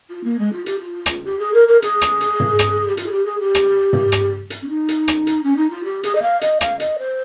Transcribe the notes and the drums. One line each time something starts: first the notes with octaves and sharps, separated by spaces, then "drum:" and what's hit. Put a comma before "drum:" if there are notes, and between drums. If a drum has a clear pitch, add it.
F4
A#3
G#3
F4
G4, drum: hi-hat
F4
drum: rim click
G4
G#4
A#4
A#4
G#4, drum: hi-hat
drum: rim click
drum: hi-hat
drum: tom
drum: rim click
G4
F4, drum: hi-hat
G#4
G4
G#4
G4
drum: rim click
drum: tom
drum: rim click
drum: hi-hat
C#4
D#4
drum: hi-hat
drum: rim click
drum: hi-hat
C#4
D#4
F4
G4
G#4, drum: hi-hat
D#5
F5
D#5, drum: hi-hat
F5, drum: rim click
D#5, drum: hi-hat
C5